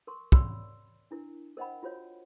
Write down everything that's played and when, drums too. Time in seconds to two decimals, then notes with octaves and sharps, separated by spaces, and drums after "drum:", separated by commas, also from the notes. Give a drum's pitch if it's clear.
0.07 A#4 C6 C#6
0.32 C#5 D5 B5 C6 E6, drum: kick
1.11 D4 E4 A#4
1.57 A#4 C5 D#5 F#5 G5 B5
1.83 F4 F#4 C5 C#5 F5